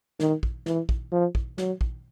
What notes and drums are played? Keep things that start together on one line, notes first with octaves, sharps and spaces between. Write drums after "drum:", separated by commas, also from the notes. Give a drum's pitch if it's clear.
D#3, drum: snare
drum: kick
E3, drum: snare
drum: kick
F3
drum: kick
F#3, drum: snare
drum: kick